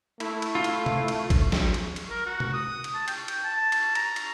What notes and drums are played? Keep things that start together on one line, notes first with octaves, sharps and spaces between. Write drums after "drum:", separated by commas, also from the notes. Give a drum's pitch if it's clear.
A3 E4, drum: cymbal
drum: cymbal
F4
drum: cymbal
drum: tom
drum: cymbal
drum: kick G#1, cymbal
drum: snare
drum: cymbal
drum: cymbal
A#4
F#4
drum: tom
D#6
drum: cymbal
A5
G5, drum: cymbal
drum: cymbal
A5
drum: cymbal
A#5, drum: cymbal
drum: cymbal